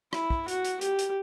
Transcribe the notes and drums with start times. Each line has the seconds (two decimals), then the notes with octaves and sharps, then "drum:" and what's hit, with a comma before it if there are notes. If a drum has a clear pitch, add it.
0.13 E4, drum: rim click
0.30 drum: kick
0.48 F#4, drum: hi-hat
0.65 drum: hi-hat
0.81 G4, drum: hi-hat
0.99 drum: hi-hat